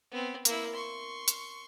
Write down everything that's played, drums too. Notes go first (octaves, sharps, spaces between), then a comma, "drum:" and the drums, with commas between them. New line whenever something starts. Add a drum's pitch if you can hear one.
B3 C4
A#3 E4, drum: hi-hat
C6 C#6
drum: hi-hat